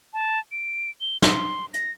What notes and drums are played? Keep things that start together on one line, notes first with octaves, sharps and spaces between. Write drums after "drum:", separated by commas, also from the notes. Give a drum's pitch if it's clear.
A5
D7
G7
C6, drum: snare
A#6, drum: hi-hat